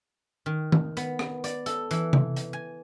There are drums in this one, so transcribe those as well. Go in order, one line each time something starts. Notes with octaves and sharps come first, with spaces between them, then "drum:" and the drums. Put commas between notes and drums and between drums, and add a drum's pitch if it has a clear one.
D#3
drum: tom D#3
B3, drum: hi-hat
drum: rim click
D5, drum: hi-hat
A4, drum: hi-hat
E3, drum: hi-hat
drum: tom C3
drum: hi-hat
G#5